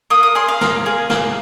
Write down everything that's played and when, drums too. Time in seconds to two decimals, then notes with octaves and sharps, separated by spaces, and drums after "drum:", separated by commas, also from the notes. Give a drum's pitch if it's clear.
0.10 A#3 D#6
0.23 D#6
0.35 G#4 C6
0.48 F5
0.61 A#3, drum: snare
0.86 G#4
1.10 A#3, drum: snare